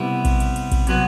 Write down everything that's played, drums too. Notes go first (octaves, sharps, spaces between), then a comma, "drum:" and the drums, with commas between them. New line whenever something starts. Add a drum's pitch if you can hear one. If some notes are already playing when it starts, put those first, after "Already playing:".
Already playing: C3 G3 B3 E4
drum: kick A#1, cymbal
drum: cymbal
drum: cymbal
drum: kick A#1, cymbal
C3 F#3 B3, drum: cymbal